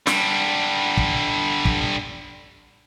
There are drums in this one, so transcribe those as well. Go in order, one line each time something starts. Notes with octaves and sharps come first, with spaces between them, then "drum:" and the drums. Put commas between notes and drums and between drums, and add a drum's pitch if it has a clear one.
D3 G3, drum: snare
drum: kick
drum: kick